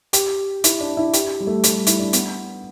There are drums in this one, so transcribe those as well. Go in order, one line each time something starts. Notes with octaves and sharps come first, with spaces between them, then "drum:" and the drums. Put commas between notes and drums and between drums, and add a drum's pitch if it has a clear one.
G4, drum: hi-hat
E4, drum: hi-hat
D4
E4
G4, drum: hi-hat
G3
A3
G3, drum: hi-hat
E4, drum: hi-hat
D4
B3, drum: hi-hat